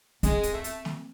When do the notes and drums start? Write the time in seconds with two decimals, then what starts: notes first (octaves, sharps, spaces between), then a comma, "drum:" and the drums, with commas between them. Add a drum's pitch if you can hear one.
0.23 G#3 C4, drum: hi-hat
0.43 drum: kick, hi-hat
0.53 A3
0.64 drum: hi-hat
0.85 drum: snare